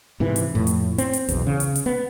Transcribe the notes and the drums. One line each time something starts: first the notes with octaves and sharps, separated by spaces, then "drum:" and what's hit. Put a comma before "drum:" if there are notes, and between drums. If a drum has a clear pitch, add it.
G#2 C3 E3
drum: hi-hat
F2 A2
drum: hi-hat
C4, drum: hi-hat
drum: hi-hat
B1 E2, drum: hi-hat
C#3
drum: hi-hat
drum: hi-hat
B3